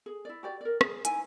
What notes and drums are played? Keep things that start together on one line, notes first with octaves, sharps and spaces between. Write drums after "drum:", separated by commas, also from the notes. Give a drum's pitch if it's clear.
G#4
E4 D5
F#4 G4 D5
A#4 D5
G#4, drum: rim click
D#4 E4 G#5, drum: hi-hat